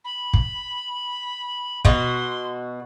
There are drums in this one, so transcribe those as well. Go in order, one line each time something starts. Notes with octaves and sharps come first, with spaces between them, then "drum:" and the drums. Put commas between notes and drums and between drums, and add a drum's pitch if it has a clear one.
B5
drum: kick
B2 F#4 C6, drum: kick